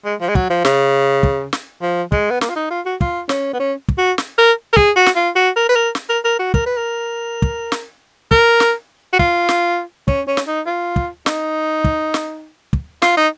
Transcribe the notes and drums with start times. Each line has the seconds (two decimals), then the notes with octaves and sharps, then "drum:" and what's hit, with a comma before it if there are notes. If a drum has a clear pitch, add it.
0.05 G#3
0.21 F3
0.29 G#3
0.35 F#3, drum: kick
0.50 F3
0.65 C#3, drum: snare
1.23 drum: kick
1.53 drum: snare
1.82 F3
2.12 G#3, drum: kick
2.31 B3
2.41 A#3, drum: snare
2.49 F4
2.56 D#4
2.70 F4
2.86 F#4
3.01 F4, drum: kick
3.29 C#4, drum: snare
3.53 B3
3.60 C#4
3.88 drum: kick
3.98 F#4
4.18 drum: snare
4.38 A#4
4.73 A#4
4.77 G#4, drum: kick
4.96 F#4
5.06 drum: snare
5.16 F4
5.36 F#4
5.56 A#4
5.69 B4
5.76 A#4
5.95 drum: snare
6.09 A#4
6.24 A#4
6.39 F#4
6.54 A#4, drum: kick
6.66 B4
6.77 A#4
7.42 drum: kick
7.72 drum: snare
8.31 A#4, drum: kick
8.60 drum: snare
9.13 F#4
9.19 F4, drum: kick
9.49 drum: snare
10.08 C#4, drum: kick
10.27 C#4
10.37 drum: snare
10.47 D#4
10.66 F4
10.96 drum: kick
11.26 D#4, drum: snare
11.84 drum: kick
12.14 drum: snare
12.73 drum: kick
13.02 F4, drum: snare
13.17 D#4